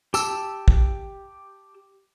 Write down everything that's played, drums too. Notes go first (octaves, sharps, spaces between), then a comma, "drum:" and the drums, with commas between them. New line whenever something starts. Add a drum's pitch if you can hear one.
G4 A5 E6, drum: tambourine
drum: kick